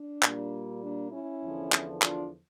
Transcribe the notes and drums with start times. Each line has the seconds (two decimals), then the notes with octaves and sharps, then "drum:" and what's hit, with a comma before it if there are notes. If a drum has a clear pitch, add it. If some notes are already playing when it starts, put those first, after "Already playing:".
Already playing: D4
0.22 A#2 G3 A#3, drum: clap
0.82 A#3 D4
1.12 C#4 E4
1.43 E2 D3 F3
1.72 drum: clap
2.02 D4 F4, drum: clap